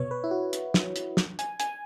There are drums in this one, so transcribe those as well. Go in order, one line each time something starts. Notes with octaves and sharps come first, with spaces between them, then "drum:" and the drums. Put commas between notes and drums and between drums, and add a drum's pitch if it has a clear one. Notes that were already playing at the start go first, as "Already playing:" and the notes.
Already playing: B2 C#5
B4
E4
F#4
drum: hi-hat
drum: snare
drum: hi-hat
drum: snare
G#5, drum: hi-hat
G#5, drum: hi-hat